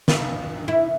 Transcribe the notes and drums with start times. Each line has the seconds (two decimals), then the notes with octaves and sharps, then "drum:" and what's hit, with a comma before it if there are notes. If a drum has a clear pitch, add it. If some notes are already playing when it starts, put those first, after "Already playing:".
0.08 F4 B4, drum: snare
0.68 E4